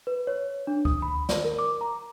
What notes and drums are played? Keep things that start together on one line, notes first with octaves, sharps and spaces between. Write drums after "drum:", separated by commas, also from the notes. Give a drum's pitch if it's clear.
B4
C#5
D4
D#6, drum: kick D2
B5
D5, drum: snare
A#4
D6
A#5